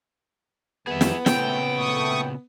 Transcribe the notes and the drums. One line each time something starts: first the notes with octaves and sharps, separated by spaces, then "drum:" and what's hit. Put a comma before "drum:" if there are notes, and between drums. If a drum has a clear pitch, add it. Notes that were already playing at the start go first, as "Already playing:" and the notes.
F2 D#3 G3 B3 G#4 E5
drum: snare
A#2 C#3 A3 C4 G5, drum: snare
A3 C#6 D#6